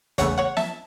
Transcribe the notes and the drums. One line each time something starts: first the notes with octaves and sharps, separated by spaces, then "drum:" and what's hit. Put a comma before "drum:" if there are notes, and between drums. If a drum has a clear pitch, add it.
E2 C#3 A3 C#5 F#5, drum: kick, hi-hat
C#5 F#5
E5 A5, drum: snare